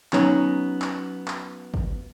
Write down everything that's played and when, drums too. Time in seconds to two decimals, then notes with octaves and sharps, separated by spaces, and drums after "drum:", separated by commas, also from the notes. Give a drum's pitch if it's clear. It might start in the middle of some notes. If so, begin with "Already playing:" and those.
0.13 F#3 B3 C#4 D#4, drum: clap
0.82 drum: clap
1.28 drum: clap
1.74 drum: kick